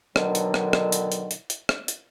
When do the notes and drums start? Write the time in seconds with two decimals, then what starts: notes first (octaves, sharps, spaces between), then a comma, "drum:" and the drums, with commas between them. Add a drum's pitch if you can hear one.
0.16 B2 D3 D#3 F#3, drum: rim click
0.35 drum: hi-hat
0.54 drum: rim click
0.73 drum: rim click
0.92 drum: hi-hat
1.12 drum: hi-hat
1.31 drum: hi-hat
1.50 drum: hi-hat
1.69 drum: rim click
1.88 drum: hi-hat